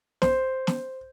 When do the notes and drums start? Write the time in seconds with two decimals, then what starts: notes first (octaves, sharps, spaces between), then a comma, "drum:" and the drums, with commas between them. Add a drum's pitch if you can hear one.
0.22 C5, drum: snare
0.67 drum: snare